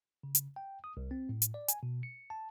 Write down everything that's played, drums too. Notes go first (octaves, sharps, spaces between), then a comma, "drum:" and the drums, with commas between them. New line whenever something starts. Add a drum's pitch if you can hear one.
C#3
drum: hi-hat
G5
D#6
C2
C4
A2
drum: hi-hat
D5
G#5, drum: hi-hat
B2
C#7
A5